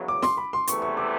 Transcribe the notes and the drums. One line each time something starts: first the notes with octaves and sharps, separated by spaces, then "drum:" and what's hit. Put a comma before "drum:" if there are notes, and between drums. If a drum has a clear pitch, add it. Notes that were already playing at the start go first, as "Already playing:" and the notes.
Already playing: E2 C#3 F#3
D6
C6, drum: snare
B5
C6
E2 C3 E3 A3 C#6, drum: hi-hat
C#6
D6